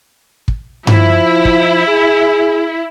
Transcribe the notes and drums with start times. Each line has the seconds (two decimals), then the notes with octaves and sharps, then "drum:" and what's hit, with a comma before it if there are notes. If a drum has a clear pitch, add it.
0.48 drum: kick
0.87 F3 E4, drum: tom G2
1.45 drum: kick
1.88 G#4